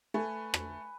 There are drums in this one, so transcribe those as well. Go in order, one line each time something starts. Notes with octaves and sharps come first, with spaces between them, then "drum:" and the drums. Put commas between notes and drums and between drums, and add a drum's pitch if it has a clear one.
A3 B4 G#5
drum: rim click